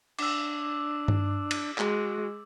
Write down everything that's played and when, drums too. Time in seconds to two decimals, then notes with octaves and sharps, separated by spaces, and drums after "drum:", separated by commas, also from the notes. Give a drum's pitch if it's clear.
0.19 D4 D6 E6, drum: cymbal
1.08 drum: tom G2
1.51 drum: cymbal
1.78 G#3 F#4, drum: clap